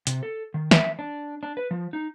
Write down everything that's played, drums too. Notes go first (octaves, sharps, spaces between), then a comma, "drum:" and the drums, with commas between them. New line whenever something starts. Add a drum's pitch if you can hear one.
C3, drum: hi-hat
A4
D#3
E5, drum: snare
D4
D4
B4
F3
D#4